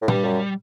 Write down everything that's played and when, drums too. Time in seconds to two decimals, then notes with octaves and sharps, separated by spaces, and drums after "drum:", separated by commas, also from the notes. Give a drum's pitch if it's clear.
0.02 A2
0.08 G2 G3, drum: tom A#2
0.24 F#2